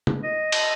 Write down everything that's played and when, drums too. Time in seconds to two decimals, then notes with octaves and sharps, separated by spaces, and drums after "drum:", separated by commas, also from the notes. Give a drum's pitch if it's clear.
0.07 drum: tom
0.24 D#5
0.52 drum: cymbal